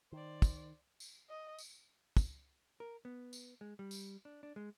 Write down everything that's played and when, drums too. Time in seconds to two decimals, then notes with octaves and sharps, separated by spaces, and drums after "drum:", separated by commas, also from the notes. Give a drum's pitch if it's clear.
0.12 D#3 C5 D5
0.42 drum: kick, tambourine
1.00 drum: tambourine
1.29 D#5
1.58 drum: tambourine
2.17 drum: kick, tambourine
2.80 A#4
3.05 B3
3.33 drum: tambourine
3.61 G#3
3.79 G3
3.91 drum: tambourine
4.25 D4
4.43 D4
4.56 G#3